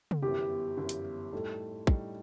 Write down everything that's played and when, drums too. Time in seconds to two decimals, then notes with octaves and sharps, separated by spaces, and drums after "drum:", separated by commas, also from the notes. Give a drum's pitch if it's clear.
0.11 drum: tom
0.22 G1 F#2 E3 B3 G4
0.77 G1 F#2 E3 B3
0.89 drum: hi-hat
1.33 A2 G3 D#4 A4
1.87 A2 G3 D#4, drum: kick